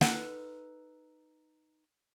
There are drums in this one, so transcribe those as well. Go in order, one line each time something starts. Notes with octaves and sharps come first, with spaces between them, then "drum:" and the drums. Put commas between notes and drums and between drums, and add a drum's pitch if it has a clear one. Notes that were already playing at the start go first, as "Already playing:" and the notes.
D#4 A4 B4 F#5, drum: snare